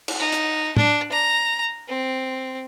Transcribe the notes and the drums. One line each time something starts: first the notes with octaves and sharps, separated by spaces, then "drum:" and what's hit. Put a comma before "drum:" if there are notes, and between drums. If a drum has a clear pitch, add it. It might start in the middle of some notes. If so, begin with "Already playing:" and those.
drum: cymbal
D#4
drum: hi-hat
D4, drum: tom A2
A#5
C4